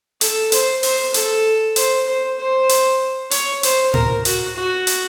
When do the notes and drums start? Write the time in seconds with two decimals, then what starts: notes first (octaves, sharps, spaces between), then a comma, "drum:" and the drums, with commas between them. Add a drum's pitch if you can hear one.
0.21 A4, drum: hi-hat
0.52 C5, drum: hi-hat
0.83 C5, drum: open hi-hat
1.14 A4, drum: hi-hat
1.76 C5, drum: hi-hat
2.07 C5
2.39 C5
2.69 drum: hi-hat
3.31 C#5, drum: hi-hat
3.63 C5, drum: hi-hat
3.94 A#4, drum: tom A2
4.25 F#4, drum: hi-hat
4.56 F#4
4.87 drum: hi-hat